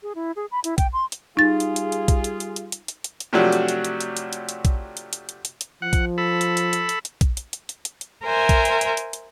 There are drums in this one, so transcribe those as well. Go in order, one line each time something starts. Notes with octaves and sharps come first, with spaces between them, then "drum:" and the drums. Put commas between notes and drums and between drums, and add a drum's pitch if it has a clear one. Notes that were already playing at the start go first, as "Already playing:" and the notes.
G#4
E4
G#4
B5
E4, drum: hi-hat
G5, drum: kick A#1, hi-hat
C6
drum: hi-hat
G3 D#4 F4 G#4 A6
drum: hi-hat
drum: hi-hat
drum: hi-hat
drum: kick A#1, hi-hat
drum: hi-hat
drum: hi-hat
drum: hi-hat
drum: hi-hat
drum: hi-hat
drum: hi-hat
drum: hi-hat
C3 F3 F#3 A3 D4 F#4
drum: hi-hat
drum: hi-hat
drum: hi-hat
drum: hi-hat
drum: hi-hat
drum: hi-hat
drum: hi-hat
drum: kick A#1, hi-hat
drum: hi-hat
drum: hi-hat
drum: hi-hat
drum: hi-hat
drum: hi-hat
F3 F#5
drum: kick A#1, hi-hat
A4 B5
drum: hi-hat
drum: hi-hat
drum: hi-hat
drum: hi-hat
drum: hi-hat
drum: kick A#1, hi-hat
drum: hi-hat
drum: hi-hat
drum: hi-hat
drum: hi-hat
drum: hi-hat
A#4 C5 E5 G#5
drum: kick A#1, hi-hat
drum: hi-hat
drum: hi-hat
drum: hi-hat
drum: hi-hat